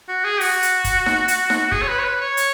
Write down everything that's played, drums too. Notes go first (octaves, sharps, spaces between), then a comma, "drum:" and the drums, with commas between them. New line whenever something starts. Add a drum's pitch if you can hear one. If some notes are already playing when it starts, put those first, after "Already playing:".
F#4
G#4
F#4, drum: open hi-hat
drum: hi-hat
drum: kick, hi-hat
drum: snare D#4
drum: hi-hat
drum: snare D#4
G#4, drum: kick
C#5
B4
C#5
B4
C#5
drum: hi-hat